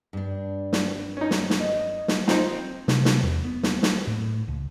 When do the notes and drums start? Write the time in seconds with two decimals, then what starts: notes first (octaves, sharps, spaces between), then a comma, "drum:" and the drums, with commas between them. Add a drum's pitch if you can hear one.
0.13 G2 D4
0.73 drum: snare
1.17 C#4 D#4
1.31 drum: snare
1.50 drum: snare
1.59 D#5
2.08 drum: snare
2.28 C4 D#4 F4, drum: snare
2.88 C3, drum: snare
3.05 drum: snare
3.23 E2
3.44 B3
3.63 drum: snare
3.83 drum: snare
4.07 A2
4.48 C#2